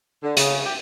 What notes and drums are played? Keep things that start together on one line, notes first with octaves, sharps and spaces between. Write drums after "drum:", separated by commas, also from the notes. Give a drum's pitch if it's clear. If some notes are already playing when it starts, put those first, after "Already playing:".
D3
C#3, drum: hi-hat
G4